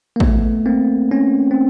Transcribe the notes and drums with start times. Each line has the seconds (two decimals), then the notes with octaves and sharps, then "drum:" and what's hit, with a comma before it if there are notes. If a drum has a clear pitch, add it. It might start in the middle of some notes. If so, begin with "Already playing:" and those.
0.16 A#3
0.20 A3 B3, drum: kick A1
0.66 A#3 C4
1.11 B3 C#4
1.51 C4